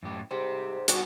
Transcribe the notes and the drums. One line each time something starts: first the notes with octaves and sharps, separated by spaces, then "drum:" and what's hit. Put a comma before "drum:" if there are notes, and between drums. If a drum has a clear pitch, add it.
F#2 A2 G4
G#2 G3 G4 C5
G3 B3 D4 F#4 G5, drum: hi-hat